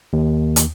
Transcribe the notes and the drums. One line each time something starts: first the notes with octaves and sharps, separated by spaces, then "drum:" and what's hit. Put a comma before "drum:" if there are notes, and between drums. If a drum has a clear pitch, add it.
D#2
drum: hi-hat